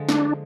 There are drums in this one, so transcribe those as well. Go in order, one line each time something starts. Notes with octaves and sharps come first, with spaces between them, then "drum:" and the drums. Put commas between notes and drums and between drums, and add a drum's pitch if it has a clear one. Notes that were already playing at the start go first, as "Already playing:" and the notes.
Already playing: D3 F3 G#3
D4, drum: snare